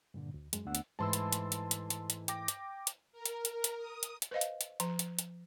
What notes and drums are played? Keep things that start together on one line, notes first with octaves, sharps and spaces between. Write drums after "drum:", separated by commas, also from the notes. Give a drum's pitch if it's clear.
G2 A#2 D3
D2
F#2 G#3, drum: hi-hat
D2 A3 B3 D4 F#5 E6
drum: hi-hat
G#2 E3 A3 A5 C6 E6
drum: hi-hat
drum: hi-hat
drum: hi-hat
drum: hi-hat
drum: hi-hat
drum: hi-hat
G5 D6 A#6, drum: hi-hat
drum: hi-hat
drum: hi-hat
A#4
drum: hi-hat
A#4, drum: hi-hat
drum: hi-hat
D#6
drum: hi-hat
drum: hi-hat
B4 C5 D#5 F5
drum: hi-hat
drum: hi-hat
F3 A#5, drum: hi-hat
drum: hi-hat
drum: hi-hat